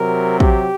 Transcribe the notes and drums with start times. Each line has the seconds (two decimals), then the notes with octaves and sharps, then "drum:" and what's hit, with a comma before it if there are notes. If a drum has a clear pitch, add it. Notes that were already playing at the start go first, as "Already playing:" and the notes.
Already playing: C3 F#3 A#4
0.40 G4, drum: kick